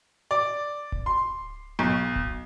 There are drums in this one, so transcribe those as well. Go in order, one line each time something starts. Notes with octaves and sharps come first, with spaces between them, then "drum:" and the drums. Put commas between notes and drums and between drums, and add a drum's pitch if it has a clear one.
D5
drum: kick D1
C6
B1
drum: kick D1